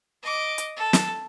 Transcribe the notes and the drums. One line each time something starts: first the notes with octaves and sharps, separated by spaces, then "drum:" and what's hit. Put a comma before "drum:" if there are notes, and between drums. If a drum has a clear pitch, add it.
D#5 D6
drum: hi-hat
A4
drum: snare